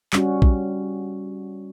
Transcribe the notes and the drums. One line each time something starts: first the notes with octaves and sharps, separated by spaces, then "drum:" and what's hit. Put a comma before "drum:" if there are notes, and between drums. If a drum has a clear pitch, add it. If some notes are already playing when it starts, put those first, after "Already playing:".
G3 C#4 F#4, drum: clap
drum: kick